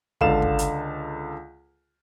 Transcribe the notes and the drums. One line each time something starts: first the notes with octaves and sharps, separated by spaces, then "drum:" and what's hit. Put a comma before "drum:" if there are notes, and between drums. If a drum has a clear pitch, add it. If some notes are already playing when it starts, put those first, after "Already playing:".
C#2 D3 A4 F5 E7, drum: kick
drum: kick
drum: hi-hat